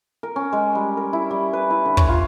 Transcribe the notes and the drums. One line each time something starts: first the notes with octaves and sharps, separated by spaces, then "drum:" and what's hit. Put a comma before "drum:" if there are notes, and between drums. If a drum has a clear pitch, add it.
A#4
C#4
G#3
G3
A#4
E4
G3
B4
E4
D3
C#5, drum: kick
F4